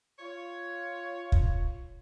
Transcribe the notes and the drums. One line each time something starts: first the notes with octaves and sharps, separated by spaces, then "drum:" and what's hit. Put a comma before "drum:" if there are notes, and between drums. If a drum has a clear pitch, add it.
F4 C#5
drum: kick